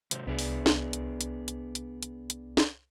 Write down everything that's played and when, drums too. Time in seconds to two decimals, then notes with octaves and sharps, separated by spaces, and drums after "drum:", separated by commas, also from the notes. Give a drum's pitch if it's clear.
0.11 G#2 C3 C5, drum: hi-hat
0.27 C2 B3 D4 G#4
0.39 drum: open hi-hat
0.66 drum: snare
0.93 drum: hi-hat
1.21 drum: hi-hat
1.48 drum: hi-hat
1.75 drum: hi-hat
2.03 drum: hi-hat
2.30 drum: hi-hat
2.57 drum: snare